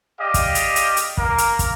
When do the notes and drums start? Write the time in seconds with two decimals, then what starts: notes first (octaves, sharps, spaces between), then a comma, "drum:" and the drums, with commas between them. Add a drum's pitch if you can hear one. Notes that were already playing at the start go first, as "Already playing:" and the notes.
0.20 G4 D5 D#5 F5
0.34 drum: kick, hi-hat
0.55 drum: hi-hat
0.76 drum: hi-hat
0.97 drum: hi-hat
1.17 A#3 A#4, drum: kick
1.38 drum: hi-hat
1.59 drum: kick, hi-hat